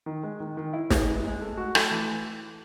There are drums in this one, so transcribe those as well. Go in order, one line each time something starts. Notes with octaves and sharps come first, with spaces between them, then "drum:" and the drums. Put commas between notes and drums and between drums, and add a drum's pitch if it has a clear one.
D#3
G#3
D#3
D#3
E4
G#4, drum: snare
G#3
G#3
A3
F#4
A3, drum: rim click
E3